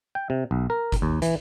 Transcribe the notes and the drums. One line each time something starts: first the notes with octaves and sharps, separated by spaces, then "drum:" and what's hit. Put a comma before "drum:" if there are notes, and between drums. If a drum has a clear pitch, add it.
G5
C3
B1
A#4
drum: kick G1, hi-hat
D#2
E3, drum: hi-hat